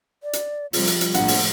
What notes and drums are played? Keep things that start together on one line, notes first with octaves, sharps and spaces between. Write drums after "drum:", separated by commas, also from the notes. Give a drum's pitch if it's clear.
D5
drum: hi-hat
C3 F3 G3 F4, drum: open hi-hat
drum: hi-hat
drum: hi-hat
A#1 A2 F3 A#3 F#5, drum: hi-hat
drum: open hi-hat